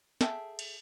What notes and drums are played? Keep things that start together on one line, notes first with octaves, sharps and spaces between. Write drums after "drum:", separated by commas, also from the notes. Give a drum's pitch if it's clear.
G#4 A4 E5 G5, drum: snare
drum: cymbal